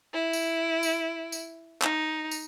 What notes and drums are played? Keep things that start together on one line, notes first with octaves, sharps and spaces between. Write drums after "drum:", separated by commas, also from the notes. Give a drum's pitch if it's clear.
E4
drum: tambourine
drum: tambourine
drum: tambourine
D#4, drum: clap
drum: tambourine